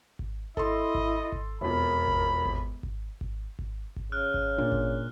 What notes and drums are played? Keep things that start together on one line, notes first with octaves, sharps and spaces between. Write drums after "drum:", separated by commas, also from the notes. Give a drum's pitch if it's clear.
drum: kick G#1
E4 A4 D#5 C6, drum: kick G#1
drum: kick G#1
drum: kick G#1
E1 F2 A#4 B5
drum: kick G#1
drum: kick G#1
drum: kick G#1
drum: kick G#1
drum: kick G#1
drum: kick G#1
C#3 F6 F#6
drum: kick G#1
A#2 D4
drum: kick G#1